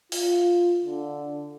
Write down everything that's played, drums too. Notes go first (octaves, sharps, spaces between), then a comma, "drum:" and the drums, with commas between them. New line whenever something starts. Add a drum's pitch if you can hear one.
F4, drum: open hi-hat
D3